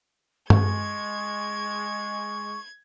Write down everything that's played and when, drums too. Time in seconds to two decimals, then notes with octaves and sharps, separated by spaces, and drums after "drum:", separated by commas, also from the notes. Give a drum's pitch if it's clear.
0.50 G#3 C#6 G#6, drum: tom G2